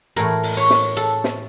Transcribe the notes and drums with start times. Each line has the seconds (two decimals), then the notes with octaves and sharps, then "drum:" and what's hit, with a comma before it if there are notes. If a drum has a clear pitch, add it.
0.16 A2 E3 A#4, drum: hi-hat
0.43 drum: open hi-hat
0.57 C#5
0.70 drum: snare
0.97 A4, drum: hi-hat
1.24 drum: snare